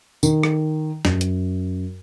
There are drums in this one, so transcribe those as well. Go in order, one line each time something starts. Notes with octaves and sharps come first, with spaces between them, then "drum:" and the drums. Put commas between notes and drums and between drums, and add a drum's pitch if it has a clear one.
D#3, drum: tambourine
drum: rim click
F#2, drum: snare
drum: hi-hat